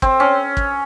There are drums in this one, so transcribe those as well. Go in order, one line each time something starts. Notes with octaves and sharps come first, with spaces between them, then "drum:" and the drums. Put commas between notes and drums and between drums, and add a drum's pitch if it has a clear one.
C4, drum: kick
C#4
drum: kick